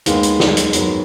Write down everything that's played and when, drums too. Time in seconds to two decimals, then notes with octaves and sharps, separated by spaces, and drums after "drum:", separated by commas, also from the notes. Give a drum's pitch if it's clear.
0.06 D#2 D#3 G#3 B3, drum: hi-hat
0.23 drum: hi-hat
0.40 drum: snare
0.57 drum: hi-hat
0.73 G#2 D#3 F#3 B3, drum: hi-hat